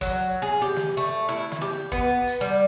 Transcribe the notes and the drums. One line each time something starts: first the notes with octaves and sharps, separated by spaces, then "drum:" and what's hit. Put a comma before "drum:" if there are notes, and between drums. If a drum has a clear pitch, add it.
F#3, drum: kick, hi-hat
G#4
G4
drum: snare
A3
E4
drum: snare
G4
B3, drum: kick
drum: hi-hat
G3